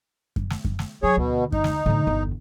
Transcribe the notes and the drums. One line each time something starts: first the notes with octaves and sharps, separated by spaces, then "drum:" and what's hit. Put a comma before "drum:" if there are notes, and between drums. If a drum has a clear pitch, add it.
drum: kick F#2
drum: snare
drum: kick F#2
drum: snare
F#3 G#4 C#5
D2 B2
D#4, drum: kick F#2
drum: snare
A2 D3
G1 E2